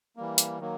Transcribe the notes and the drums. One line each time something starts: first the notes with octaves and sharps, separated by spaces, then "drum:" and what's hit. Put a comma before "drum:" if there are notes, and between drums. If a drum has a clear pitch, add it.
E3 G3 A#3
drum: hi-hat
D#3 F#3 A#3